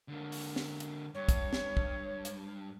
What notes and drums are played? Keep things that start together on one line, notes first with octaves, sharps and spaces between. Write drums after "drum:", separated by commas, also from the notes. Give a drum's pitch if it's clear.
D3 A#3
drum: open hi-hat
drum: snare
drum: hi-hat
G2 C#5
drum: kick, hi-hat
drum: snare
drum: kick
drum: hi-hat